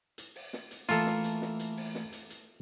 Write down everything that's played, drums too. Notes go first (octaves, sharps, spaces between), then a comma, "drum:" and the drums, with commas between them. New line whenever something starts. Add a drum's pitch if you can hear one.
drum: hi-hat
drum: open hi-hat
drum: snare
drum: hi-hat
E3 A3 A#3 F4 A4, drum: hi-hat
drum: snare
drum: hi-hat
drum: snare
drum: hi-hat
drum: open hi-hat
drum: snare
drum: hi-hat
drum: hi-hat